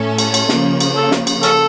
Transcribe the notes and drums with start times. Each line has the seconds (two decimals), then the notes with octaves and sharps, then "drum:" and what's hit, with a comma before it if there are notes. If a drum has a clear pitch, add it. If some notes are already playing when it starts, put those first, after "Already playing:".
Already playing: A2 A3 C#4 A4
0.19 drum: cymbal
0.34 drum: cymbal
0.49 C#3 F3 A#3, drum: snare
0.80 drum: cymbal
0.96 A4
1.11 drum: snare
1.27 drum: cymbal
1.43 C#4 A4, drum: cymbal